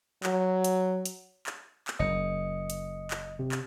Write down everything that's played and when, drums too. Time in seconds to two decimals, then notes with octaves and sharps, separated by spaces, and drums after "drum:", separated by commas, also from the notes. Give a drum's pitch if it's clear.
0.23 F#3, drum: clap
0.64 drum: hi-hat
1.06 drum: hi-hat
1.47 drum: clap
1.88 drum: clap
1.99 F#1 D#5 C#7
2.70 drum: hi-hat
3.11 drum: clap
3.39 C3
3.52 drum: clap